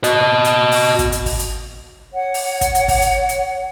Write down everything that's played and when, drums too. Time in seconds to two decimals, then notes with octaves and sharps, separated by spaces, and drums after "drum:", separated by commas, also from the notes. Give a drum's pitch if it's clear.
0.04 F#4 D#5, drum: hi-hat
0.44 drum: hi-hat
0.72 drum: open hi-hat
0.99 drum: kick, hi-hat
1.12 drum: hi-hat
1.26 drum: kick, open hi-hat
1.39 drum: hi-hat
2.13 C#5 F#5
2.34 drum: open hi-hat
2.61 drum: kick, hi-hat
2.75 drum: hi-hat
2.88 drum: kick, open hi-hat
3.02 drum: hi-hat
3.29 drum: hi-hat